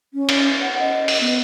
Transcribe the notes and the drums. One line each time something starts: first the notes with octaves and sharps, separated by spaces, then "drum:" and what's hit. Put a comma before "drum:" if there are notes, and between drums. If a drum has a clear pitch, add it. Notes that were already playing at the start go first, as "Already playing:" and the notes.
C#4
drum: cymbal
F#5
D#5
drum: open hi-hat
B3